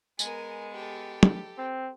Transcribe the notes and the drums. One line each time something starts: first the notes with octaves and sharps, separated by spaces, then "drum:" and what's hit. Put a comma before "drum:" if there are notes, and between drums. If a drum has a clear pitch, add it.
G#3 B3 A#4 G#5, drum: tambourine
G4 A4
drum: tom
C4